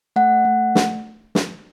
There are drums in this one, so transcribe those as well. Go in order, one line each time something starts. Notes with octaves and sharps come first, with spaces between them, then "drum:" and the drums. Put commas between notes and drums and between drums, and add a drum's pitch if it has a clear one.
A3 F#5
A3
drum: snare
drum: snare